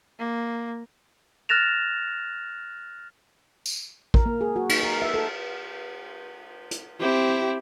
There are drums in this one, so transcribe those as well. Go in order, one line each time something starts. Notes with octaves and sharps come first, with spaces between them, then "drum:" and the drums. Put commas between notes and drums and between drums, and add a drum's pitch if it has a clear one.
A#3
F6 F#6 A6 A#6 E7 F7
drum: tambourine
A#4, drum: kick A1
A#3
G#4
F#4
D#4, drum: cymbal
A#4
E5
A4
drum: hi-hat
C4 E4 G4